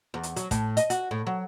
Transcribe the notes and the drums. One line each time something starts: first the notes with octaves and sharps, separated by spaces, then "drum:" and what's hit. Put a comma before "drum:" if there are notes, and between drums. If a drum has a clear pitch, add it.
E2
drum: hi-hat
F#3, drum: hi-hat
A2, drum: kick, hi-hat
D#5, drum: hi-hat
F#4, drum: hi-hat
A2
F#3